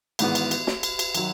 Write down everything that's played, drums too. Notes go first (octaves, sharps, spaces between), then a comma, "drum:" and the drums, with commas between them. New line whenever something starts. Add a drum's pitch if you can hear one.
G#1 G#2 E3 B3, drum: cymbal
drum: cymbal
drum: cymbal
drum: snare
drum: cymbal
drum: cymbal
D#3 F#3, drum: cymbal